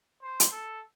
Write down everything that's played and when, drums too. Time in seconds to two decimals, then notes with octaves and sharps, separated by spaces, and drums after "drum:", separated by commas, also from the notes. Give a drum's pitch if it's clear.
0.22 C5
0.40 drum: hi-hat
0.51 A4